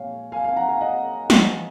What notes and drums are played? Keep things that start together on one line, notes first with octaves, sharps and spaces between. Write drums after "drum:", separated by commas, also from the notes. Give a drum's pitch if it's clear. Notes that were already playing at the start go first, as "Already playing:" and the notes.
Already playing: A#2 G#3 C#5 F5 G#5
F5 G#5
F5 G#5
F#5 A#5
F5 G#5
D#5 F#5
drum: snare